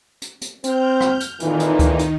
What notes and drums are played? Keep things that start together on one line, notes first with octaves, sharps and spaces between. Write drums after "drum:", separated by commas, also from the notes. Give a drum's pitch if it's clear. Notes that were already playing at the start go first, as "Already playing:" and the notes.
drum: hi-hat
drum: hi-hat
C4 F6 G6, drum: hi-hat
drum: rim click
drum: hi-hat
F2 A#2 D#3 E3 D#4, drum: hi-hat
drum: hi-hat
drum: kick D2, hi-hat
drum: hi-hat